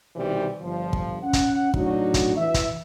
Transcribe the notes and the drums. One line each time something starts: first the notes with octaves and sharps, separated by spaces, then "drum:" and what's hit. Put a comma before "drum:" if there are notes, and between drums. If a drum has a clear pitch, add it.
C2 B2 D#3 E3 G3 C5
G1 F3
drum: kick
C#4 F#5
drum: kick, hi-hat
A2 F#3 D4 D#4 F#4, drum: kick
drum: kick, hi-hat
E3 E5
drum: kick, hi-hat